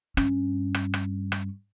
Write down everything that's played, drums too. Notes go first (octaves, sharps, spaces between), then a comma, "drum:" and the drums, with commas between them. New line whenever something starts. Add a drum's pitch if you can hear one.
G2 C#4, drum: rim click
drum: rim click
drum: rim click
drum: rim click